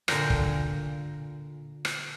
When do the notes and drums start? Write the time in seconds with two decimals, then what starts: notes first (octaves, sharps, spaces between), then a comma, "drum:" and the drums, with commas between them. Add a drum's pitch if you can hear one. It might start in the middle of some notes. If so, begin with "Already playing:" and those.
0.08 A#2 D3 A#4 G5, drum: rim click
0.30 drum: kick
1.85 drum: rim click